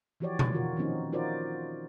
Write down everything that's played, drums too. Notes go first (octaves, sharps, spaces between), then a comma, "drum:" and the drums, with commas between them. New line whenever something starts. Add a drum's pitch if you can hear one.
E3 F3 F#4 G4 C#5 D5
drum: tom B2
A#2 D#3 E3 F4 F#4 A#4
D#3 F3 A#3 C4 C#4 D#4
D#4 F4 F#4 A#4 C5 D5